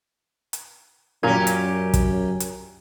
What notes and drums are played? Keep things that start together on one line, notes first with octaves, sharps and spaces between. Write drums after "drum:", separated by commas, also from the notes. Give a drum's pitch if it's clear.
drum: hi-hat
F#2 A#2 C#4 G4 G#5 A#5 G#6
drum: hi-hat
drum: kick, hi-hat
drum: hi-hat